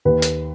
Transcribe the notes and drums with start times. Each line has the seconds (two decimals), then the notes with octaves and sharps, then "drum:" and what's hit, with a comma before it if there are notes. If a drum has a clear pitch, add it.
0.05 D#2 B4
0.22 drum: hi-hat